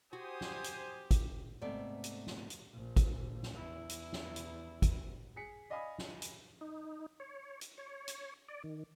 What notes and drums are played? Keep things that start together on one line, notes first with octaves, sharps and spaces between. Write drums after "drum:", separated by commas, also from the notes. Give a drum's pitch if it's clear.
F#4 G4 C5 G#5 D#6
drum: snare
drum: hi-hat
drum: kick, hi-hat
G#2 C3 A3 B3 D5
drum: hi-hat
drum: snare
drum: hi-hat
A#1
drum: kick, hi-hat
drum: snare
E2 E4
drum: hi-hat
drum: snare
drum: hi-hat
drum: kick, hi-hat
G#4 B6 C#7
D5 D#5 F5 G#5 B5 D#6
drum: snare
drum: hi-hat
D#4
C#5
drum: hi-hat
C#5
drum: hi-hat
D5
D#3